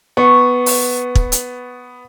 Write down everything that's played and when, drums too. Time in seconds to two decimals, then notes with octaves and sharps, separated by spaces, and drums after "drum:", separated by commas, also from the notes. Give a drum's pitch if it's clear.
0.17 B3 C#6
0.66 drum: open hi-hat
1.15 drum: kick
1.32 drum: hi-hat